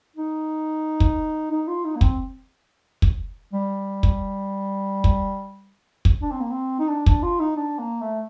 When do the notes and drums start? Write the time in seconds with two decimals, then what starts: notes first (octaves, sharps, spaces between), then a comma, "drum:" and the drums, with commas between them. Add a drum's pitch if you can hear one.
0.16 D#4
1.00 drum: kick
1.51 D#4
1.67 F4
1.84 D#4
1.96 A#3
2.01 C4, drum: kick
3.02 drum: kick
3.53 G3
4.03 drum: kick
5.04 drum: kick
6.05 drum: kick
6.22 D4
6.31 C4
6.41 A#3
6.51 C4
6.79 D#4
6.89 D4
7.06 D4, drum: kick
7.23 F4
7.40 D#4
7.57 D4
7.79 A#3
8.01 A3